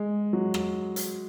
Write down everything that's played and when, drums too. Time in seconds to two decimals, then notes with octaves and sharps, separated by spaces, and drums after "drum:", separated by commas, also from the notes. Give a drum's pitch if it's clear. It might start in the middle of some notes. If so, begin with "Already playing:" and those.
Already playing: G#3
0.33 F#3
0.54 drum: rim click
0.96 drum: hi-hat